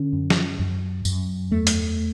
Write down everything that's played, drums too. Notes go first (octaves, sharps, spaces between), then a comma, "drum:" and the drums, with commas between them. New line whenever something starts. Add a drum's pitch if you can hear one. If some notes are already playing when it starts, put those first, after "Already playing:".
Already playing: D3 C#4
F#2
drum: snare
F#2
F#2, drum: tambourine
E2 A3
drum: hi-hat